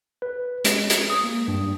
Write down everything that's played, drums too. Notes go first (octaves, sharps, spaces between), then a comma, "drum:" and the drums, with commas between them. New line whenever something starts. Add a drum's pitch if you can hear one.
B4
G#3, drum: hi-hat
drum: hi-hat
D#6
A#3
G2